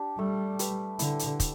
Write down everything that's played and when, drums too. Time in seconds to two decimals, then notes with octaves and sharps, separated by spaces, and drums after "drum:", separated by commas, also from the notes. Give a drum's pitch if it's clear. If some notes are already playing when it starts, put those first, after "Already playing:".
Already playing: D4 G4
0.18 G3 A3
0.59 G4 B4, drum: hi-hat
0.99 D3 E4, drum: hi-hat
1.19 drum: hi-hat
1.40 drum: kick, hi-hat